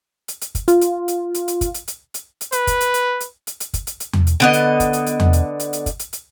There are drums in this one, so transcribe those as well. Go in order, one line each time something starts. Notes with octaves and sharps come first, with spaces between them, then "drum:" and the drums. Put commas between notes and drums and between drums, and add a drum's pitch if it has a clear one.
drum: hi-hat
drum: hi-hat
drum: kick, hi-hat
F4, drum: hi-hat
drum: hi-hat
drum: hi-hat
drum: hi-hat
drum: hi-hat
drum: kick, hi-hat
drum: hi-hat
drum: hi-hat
drum: hi-hat
drum: hi-hat
B4, drum: hi-hat
drum: kick, hi-hat
drum: hi-hat
drum: hi-hat
drum: hi-hat
drum: hi-hat
drum: hi-hat
drum: kick, hi-hat
drum: hi-hat
drum: hi-hat
drum: tom E2
drum: hi-hat
D3 B3 D#5
drum: hi-hat
drum: kick, hi-hat
drum: hi-hat
drum: hi-hat
drum: tom E2
drum: hi-hat
drum: hi-hat
drum: hi-hat
drum: kick, hi-hat
drum: hi-hat
drum: hi-hat